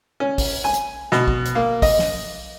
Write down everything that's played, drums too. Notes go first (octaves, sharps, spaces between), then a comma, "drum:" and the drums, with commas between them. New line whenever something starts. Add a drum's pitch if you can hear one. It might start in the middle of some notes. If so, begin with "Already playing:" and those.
C#4
drum: kick, open hi-hat
G#5
drum: hi-hat
B2, drum: snare
drum: kick
drum: hi-hat
A#3
D#5, drum: kick, open hi-hat
drum: snare